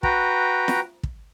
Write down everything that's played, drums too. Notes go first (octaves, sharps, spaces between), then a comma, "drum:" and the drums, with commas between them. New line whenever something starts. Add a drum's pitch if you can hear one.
F#4 B4 G5 A#5, drum: kick
drum: snare
drum: kick